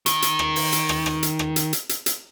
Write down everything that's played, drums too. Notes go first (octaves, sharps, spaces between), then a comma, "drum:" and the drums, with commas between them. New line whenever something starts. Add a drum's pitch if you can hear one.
D#3, drum: hi-hat
drum: hi-hat
drum: rim click
drum: open hi-hat
drum: hi-hat
drum: rim click
drum: rim click
drum: hi-hat
drum: rim click
drum: hi-hat
drum: hi-hat
drum: hi-hat
drum: hi-hat